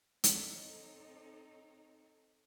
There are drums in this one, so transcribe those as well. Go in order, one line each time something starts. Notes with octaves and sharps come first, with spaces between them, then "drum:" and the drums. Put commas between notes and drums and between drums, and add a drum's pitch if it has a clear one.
C4 D#4 A4 C#5, drum: hi-hat